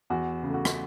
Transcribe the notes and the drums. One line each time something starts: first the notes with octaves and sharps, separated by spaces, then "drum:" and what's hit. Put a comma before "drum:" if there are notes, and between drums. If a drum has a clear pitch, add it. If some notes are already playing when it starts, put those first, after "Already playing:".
E2 F#4
C#3 A3
F#4
drum: rim click